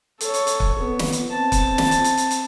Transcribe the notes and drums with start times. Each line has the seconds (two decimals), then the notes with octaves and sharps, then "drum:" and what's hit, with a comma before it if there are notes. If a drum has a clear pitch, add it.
0.21 A4 C#5, drum: hi-hat
0.34 drum: hi-hat
0.47 drum: hi-hat
0.60 drum: kick
0.79 B3
0.99 drum: snare
1.12 drum: hi-hat
1.32 C4 A5
1.52 drum: kick, hi-hat
1.78 drum: snare
1.91 drum: hi-hat
2.04 drum: hi-hat
2.17 drum: hi-hat
2.31 drum: hi-hat